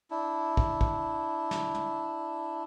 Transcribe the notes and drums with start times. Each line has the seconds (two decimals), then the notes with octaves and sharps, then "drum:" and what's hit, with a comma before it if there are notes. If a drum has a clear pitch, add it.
0.11 D4 E4
0.57 drum: kick
0.81 drum: kick
1.51 drum: snare
1.74 drum: tom